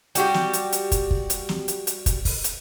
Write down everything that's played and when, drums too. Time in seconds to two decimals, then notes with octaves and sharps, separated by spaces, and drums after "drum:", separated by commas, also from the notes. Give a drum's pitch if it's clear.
0.15 G3 F#4 G4, drum: hi-hat
0.34 drum: snare
0.53 drum: hi-hat
0.72 drum: hi-hat
0.92 drum: kick, hi-hat
1.11 drum: kick
1.30 drum: hi-hat
1.49 drum: snare
1.68 drum: hi-hat
1.87 drum: hi-hat
2.06 drum: kick, hi-hat
2.25 drum: kick, open hi-hat
2.44 drum: hi-hat